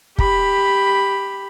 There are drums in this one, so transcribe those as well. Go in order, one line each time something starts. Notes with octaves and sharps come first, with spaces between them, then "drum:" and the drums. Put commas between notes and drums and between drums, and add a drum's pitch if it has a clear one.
G4 B5, drum: kick